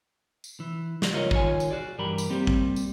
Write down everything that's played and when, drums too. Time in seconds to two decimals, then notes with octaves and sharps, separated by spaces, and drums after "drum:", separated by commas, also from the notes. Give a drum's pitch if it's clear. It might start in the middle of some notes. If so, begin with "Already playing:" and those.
0.44 drum: tambourine
0.60 E3
1.02 drum: snare
1.13 C#2 F4 A#4 C#5 D#5
1.31 D#3 F4 C#5 G#5, drum: kick
1.60 drum: tambourine
1.71 F#4 G#4 D5
1.98 G2 E3 G4 A#4 B5
2.18 drum: tambourine
2.30 G3 A#3 C4 G4
2.47 drum: kick
2.76 drum: tambourine